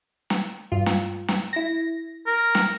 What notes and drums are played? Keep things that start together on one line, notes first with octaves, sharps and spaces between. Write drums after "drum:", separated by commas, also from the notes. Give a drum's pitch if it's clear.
drum: snare
G2 F4
drum: snare
drum: snare
E4 A#6
A#4
drum: snare